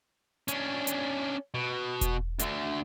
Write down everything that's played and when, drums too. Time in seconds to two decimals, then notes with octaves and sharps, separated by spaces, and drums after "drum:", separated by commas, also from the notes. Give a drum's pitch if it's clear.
0.48 C#4 D4, drum: hi-hat
0.87 drum: hi-hat
1.55 B2
2.01 drum: kick E1, hi-hat
2.39 D2 D3, drum: hi-hat